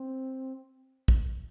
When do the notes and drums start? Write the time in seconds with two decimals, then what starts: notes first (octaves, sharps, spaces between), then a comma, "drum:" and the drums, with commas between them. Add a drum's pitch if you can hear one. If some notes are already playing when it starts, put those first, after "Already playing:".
Already playing: C4
1.08 drum: kick